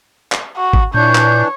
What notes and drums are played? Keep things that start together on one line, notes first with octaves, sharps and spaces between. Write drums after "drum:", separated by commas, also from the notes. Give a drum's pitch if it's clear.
drum: clap
F#4
drum: kick G#1
A#2 E3 D4 C#5 G6
drum: clap